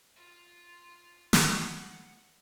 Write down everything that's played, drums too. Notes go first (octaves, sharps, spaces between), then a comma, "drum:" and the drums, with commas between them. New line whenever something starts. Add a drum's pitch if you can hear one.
F4
drum: snare
F#5